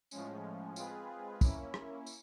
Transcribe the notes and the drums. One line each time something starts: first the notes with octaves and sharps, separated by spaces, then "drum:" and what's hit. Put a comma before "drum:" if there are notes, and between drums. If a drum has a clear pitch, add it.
A2 F3 G#3 C#4, drum: tambourine
G#3 C4 F4 G#4 B4, drum: tambourine
A#3 C#4 E4, drum: kick, tambourine
drum: rim click
drum: tambourine